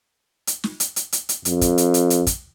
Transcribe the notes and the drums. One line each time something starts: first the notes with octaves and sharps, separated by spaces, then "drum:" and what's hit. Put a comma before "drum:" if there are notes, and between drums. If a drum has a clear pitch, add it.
drum: hi-hat
drum: snare
drum: hi-hat
drum: hi-hat
drum: hi-hat
drum: hi-hat
F2, drum: hi-hat
drum: kick, hi-hat
drum: hi-hat
drum: hi-hat
drum: hi-hat
drum: kick, hi-hat